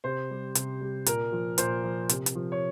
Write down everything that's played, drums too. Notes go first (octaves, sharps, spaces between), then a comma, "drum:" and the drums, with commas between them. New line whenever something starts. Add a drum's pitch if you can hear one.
C3 C5
G3
C3, drum: hi-hat
G3
A#2 A#4, drum: hi-hat
F3
A#2 C5, drum: hi-hat
F3
C3, drum: hi-hat
drum: hi-hat
F3
C#5